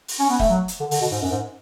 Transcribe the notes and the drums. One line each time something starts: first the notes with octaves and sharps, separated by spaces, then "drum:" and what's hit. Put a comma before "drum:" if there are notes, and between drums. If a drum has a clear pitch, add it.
drum: open hi-hat
C#4
B3
A3, drum: kick
F#3
drum: hi-hat
D3
D3, drum: open hi-hat
B2
G#2
F#2
G#2